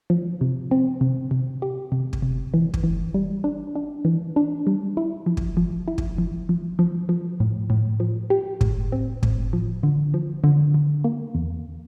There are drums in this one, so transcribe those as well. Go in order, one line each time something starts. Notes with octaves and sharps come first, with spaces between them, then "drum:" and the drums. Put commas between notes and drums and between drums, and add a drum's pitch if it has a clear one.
F3
C3
C4
C3
C3
G4
C3
drum: kick
C3
E3
drum: kick
E3
G3
D4
D4
E3
D4
G3
E4
F3
drum: kick
F3
E4
drum: kick
F3
F3
F3
F3
A2
A2
F3
G4
A2, drum: kick
C4
A2, drum: kick
F3
D3
F3
D3
D3
A#3
E2